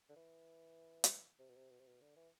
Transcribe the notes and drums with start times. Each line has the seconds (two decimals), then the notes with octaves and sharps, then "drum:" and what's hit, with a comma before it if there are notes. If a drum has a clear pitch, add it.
0.09 D3
0.16 E3
1.04 drum: hi-hat
1.39 C3
1.49 B2
1.56 C3
1.70 B2
1.80 C3
1.87 B2
2.01 D3
2.16 E3